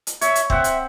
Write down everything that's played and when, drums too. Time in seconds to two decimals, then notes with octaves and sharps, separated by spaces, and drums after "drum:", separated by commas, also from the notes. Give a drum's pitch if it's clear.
0.07 drum: hi-hat
0.21 C#5 E5, drum: hi-hat
0.35 drum: hi-hat
0.50 C4 E5 F#5, drum: kick
0.64 drum: hi-hat